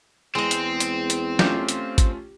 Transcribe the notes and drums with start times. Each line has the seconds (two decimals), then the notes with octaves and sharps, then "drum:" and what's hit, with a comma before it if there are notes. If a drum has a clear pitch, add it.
0.35 E2 G#3 C4 D#5
0.51 drum: hi-hat
0.80 drum: hi-hat
1.10 drum: hi-hat
1.39 A3 C#4 F4 G4, drum: snare
1.69 drum: hi-hat
1.98 drum: kick, hi-hat